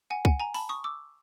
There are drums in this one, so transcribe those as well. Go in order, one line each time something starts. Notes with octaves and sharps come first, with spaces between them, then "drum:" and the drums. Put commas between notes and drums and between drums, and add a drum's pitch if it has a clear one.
F#5 G#5
F#5 G#5, drum: kick C2
G#5 A#5
A5 B5, drum: open hi-hat
C#6 D#6
D6 E6